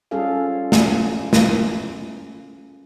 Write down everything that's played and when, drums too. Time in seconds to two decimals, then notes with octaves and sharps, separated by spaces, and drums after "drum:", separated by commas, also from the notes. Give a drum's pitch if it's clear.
0.11 G3 C#4 F4 G#4 A4 F5
0.72 drum: snare
1.33 drum: snare